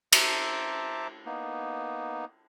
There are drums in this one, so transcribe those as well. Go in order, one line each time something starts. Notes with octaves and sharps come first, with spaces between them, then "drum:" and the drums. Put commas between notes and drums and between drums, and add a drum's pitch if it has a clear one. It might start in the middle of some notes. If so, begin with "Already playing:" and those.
C5 E5 A5 A#5 D6, drum: cymbal
A#3 B3 D#4